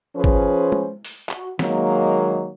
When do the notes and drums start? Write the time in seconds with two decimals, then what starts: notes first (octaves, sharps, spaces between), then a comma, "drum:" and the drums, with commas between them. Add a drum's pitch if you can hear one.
0.15 F3 C#4 G#4 B4 C5
0.24 drum: kick G#1
0.72 drum: tom G#3
1.05 drum: open hi-hat
1.29 F#4, drum: clap
1.59 D#3 F#3 G#3 A#3, drum: snare